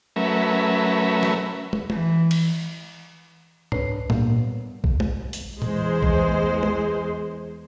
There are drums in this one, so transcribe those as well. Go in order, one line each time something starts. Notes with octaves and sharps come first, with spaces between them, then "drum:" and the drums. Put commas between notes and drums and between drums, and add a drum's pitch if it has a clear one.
F#3 A3 C#4 A#4 B4 E5
drum: snare
drum: tom
E3, drum: tom
drum: cymbal
C#2 D4 B4 C#5 C7, drum: tom G#2
A#2 G3 A#3 B3, drum: tom G#2
drum: kick A#1
drum: tom
drum: hi-hat
E2 G#3 C5, drum: tom A2
drum: kick A#1
drum: tom